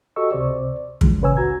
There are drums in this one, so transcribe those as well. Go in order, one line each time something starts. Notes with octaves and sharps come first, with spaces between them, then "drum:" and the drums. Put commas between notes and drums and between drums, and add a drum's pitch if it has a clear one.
F#4 G4 A4 D#5 C#6 E6
C#2 C3 C5 D5
D3 E3 F3 G#3, drum: kick
A#2 C#3 B4 C#5 G#5 E6
D2 F#4 A#5 G#6